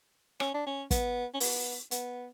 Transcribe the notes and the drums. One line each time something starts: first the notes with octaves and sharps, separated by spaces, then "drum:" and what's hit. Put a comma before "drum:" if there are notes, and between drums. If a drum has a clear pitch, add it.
C#4, drum: rim click
D4
C#4
B3, drum: kick, hi-hat
C#4
B3, drum: open hi-hat
B3, drum: hi-hat